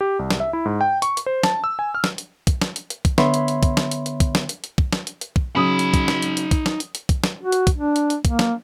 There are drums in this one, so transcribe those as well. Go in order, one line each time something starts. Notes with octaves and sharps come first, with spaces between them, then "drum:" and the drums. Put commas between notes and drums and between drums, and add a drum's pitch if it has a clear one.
G4
C2
drum: snare
E5
E4
G#2
G5
C#6, drum: hi-hat
drum: hi-hat
C5
A5, drum: snare
E6
G#5
F6
drum: snare
drum: hi-hat
drum: kick, hi-hat
drum: snare
drum: hi-hat
drum: hi-hat
drum: kick, hi-hat
D3 B3 C#5 E5 B5 C6, drum: snare
drum: hi-hat
drum: hi-hat
drum: kick, hi-hat
drum: snare
drum: hi-hat
drum: hi-hat
drum: kick, hi-hat
drum: snare
drum: hi-hat
drum: hi-hat
drum: kick
drum: snare
drum: hi-hat
drum: hi-hat
drum: kick
C#3 F#3 D#4 B5 D#6
drum: hi-hat
drum: kick, hi-hat
drum: snare
drum: hi-hat
drum: hi-hat
drum: kick, hi-hat
drum: snare
drum: hi-hat
drum: hi-hat
drum: kick, hi-hat
drum: snare
F#4
drum: hi-hat
drum: kick, hi-hat
D4
drum: hi-hat
drum: hi-hat
A#3, drum: kick, hi-hat
drum: snare